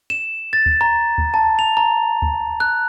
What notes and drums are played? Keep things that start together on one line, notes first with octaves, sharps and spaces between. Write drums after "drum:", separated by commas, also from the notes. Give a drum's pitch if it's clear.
E7
A6
drum: kick D2
A#5
drum: kick D2
A5
F7
A#5
drum: kick D2
F#6